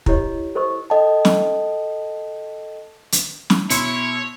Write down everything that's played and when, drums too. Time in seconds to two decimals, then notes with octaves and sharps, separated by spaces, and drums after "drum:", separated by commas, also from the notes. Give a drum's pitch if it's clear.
0.06 E4 G4 C#5 D#5, drum: kick
0.55 A4 C5 D#5 C#6 E6
0.90 A4 D#5 G5 A5
1.25 drum: snare
3.12 drum: hi-hat
3.50 drum: snare
3.70 B2 E4 C#5 C6 C#7, drum: hi-hat